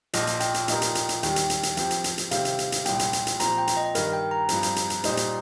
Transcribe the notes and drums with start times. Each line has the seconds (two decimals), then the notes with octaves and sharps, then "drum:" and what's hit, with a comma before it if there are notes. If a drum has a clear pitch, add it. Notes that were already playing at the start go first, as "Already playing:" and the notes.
0.13 A#1 A#2 F3 D#5, drum: hi-hat
0.27 drum: hi-hat
0.40 G5, drum: hi-hat
0.54 drum: hi-hat
0.68 A#2 F3 D#4 G4 A#4, drum: hi-hat
0.82 drum: hi-hat
0.95 drum: hi-hat
1.09 drum: hi-hat
1.23 D#2 D#3 G3 G5, drum: hi-hat
1.36 drum: hi-hat
1.50 drum: hi-hat
1.63 drum: hi-hat
1.77 F2 F3 C4 G4, drum: hi-hat
1.91 drum: hi-hat
2.04 drum: hi-hat
2.18 drum: hi-hat
2.31 C3 D#3 G3 C4 F5, drum: hi-hat
2.45 drum: hi-hat
2.59 drum: hi-hat
2.72 drum: hi-hat
2.86 C2 A#2 F3 G5, drum: hi-hat
2.99 drum: hi-hat
3.13 drum: hi-hat
3.27 drum: hi-hat
3.40 A#2 F3 C4 G4 C5 A#5, drum: hi-hat
3.58 G5
3.67 drum: hi-hat
3.77 D#5
3.95 G2 D#3 G3 A#4, drum: hi-hat
4.13 G5
4.31 A#5
4.49 G2 F3 C4, drum: hi-hat
4.63 drum: hi-hat
4.76 drum: hi-hat
4.90 drum: hi-hat
5.04 A#2 G3 D#4 C5, drum: hi-hat
5.17 drum: hi-hat